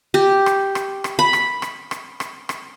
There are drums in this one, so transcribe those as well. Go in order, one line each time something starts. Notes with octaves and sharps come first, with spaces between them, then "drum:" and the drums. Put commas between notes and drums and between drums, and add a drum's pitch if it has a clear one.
G4
drum: rim click
drum: rim click
drum: rim click
B5
drum: rim click
drum: rim click
drum: rim click
drum: rim click
drum: rim click